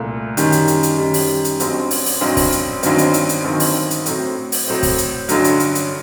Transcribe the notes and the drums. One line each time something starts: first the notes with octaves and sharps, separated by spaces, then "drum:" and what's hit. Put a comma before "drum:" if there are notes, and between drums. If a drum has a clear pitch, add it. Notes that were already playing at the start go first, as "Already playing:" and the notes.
Already playing: C2 A#2 A3
F#2 D#3 G3, drum: hi-hat
drum: hi-hat
drum: hi-hat
drum: hi-hat
F#2 D#3 G3
drum: open hi-hat
drum: hi-hat
A1 G2 F#3 C4, drum: hi-hat
drum: open hi-hat
drum: open hi-hat
A1 G2 F#3 C4
drum: kick, open hi-hat
drum: hi-hat
A1 G2 D#3 F#3 C4, drum: hi-hat
drum: hi-hat
drum: hi-hat
drum: hi-hat
A1 G2 D#3 F#3 C4
drum: open hi-hat
drum: hi-hat
A2 F#3 C4, drum: hi-hat
drum: open hi-hat
A2 F#3 C4
drum: kick, open hi-hat
drum: hi-hat
A1 G2 D3 F#3, drum: hi-hat
drum: hi-hat
drum: hi-hat
drum: hi-hat